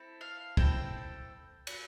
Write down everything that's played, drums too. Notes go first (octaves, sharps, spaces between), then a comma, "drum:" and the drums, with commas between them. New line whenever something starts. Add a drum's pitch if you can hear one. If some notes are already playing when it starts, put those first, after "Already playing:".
Already playing: C4 E4 A4
F5
C4 E4 A4 G5, drum: kick
drum: cymbal